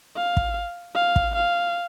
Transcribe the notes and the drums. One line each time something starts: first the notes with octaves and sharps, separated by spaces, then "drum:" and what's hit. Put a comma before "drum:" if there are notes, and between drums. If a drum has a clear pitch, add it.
F5
drum: kick
F5
drum: kick
F5